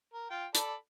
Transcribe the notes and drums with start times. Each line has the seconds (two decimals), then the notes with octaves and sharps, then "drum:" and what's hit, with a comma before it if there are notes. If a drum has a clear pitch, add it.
0.14 A#4
0.30 F4 G5
0.55 A4 D5 B5, drum: hi-hat